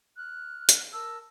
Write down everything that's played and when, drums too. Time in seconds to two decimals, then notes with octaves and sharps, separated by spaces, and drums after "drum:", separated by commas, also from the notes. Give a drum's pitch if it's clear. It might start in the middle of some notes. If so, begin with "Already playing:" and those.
0.17 F6 F#6
0.69 drum: hi-hat
0.93 A#4 A5 E6